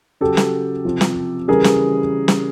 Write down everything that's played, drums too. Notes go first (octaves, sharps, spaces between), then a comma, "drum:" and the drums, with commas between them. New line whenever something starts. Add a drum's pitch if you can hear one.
C#3 F#3 G4 A4
drum: snare
C3 F3
drum: snare
C#3 E3 G3 G#4 A#4
drum: snare
drum: snare